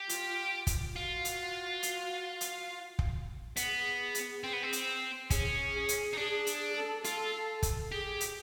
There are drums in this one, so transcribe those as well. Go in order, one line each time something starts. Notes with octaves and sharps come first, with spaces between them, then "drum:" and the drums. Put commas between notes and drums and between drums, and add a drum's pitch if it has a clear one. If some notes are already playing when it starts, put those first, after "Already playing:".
Already playing: G4
F4, drum: hi-hat
drum: kick, hi-hat
F4 F#4
drum: hi-hat
drum: hi-hat
drum: hi-hat
drum: kick
B3 G#4, drum: hi-hat
drum: hi-hat
C4
B3
C4
drum: hi-hat
C#4 G#4, drum: kick, hi-hat
G#4
drum: hi-hat
D#4
D4 G#4
G#4, drum: hi-hat
A4
F4 A4, drum: hi-hat
drum: kick, hi-hat
G4 G#4
drum: hi-hat